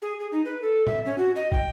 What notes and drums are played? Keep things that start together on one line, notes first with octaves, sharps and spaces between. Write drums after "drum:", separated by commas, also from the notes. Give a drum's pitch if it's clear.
G#4
G#4
D#4
B4
A4
E5, drum: tom A2
C#4
F#4
D#5
G5, drum: kick